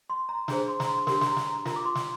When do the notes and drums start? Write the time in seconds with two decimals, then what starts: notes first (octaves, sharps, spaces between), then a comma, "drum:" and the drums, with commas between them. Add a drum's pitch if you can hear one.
0.10 C6
0.29 A#5
0.48 D4 G#4 C5 A#5, drum: snare
0.68 C6
0.80 A#5, drum: snare
0.87 C6
1.07 D4 G4 A#4 C6, drum: snare
1.21 C6, drum: snare
1.27 A#5
1.36 drum: snare
1.46 A#5
1.65 F4 A#4 A#5, drum: snare
1.76 D6
1.85 C6
1.95 drum: snare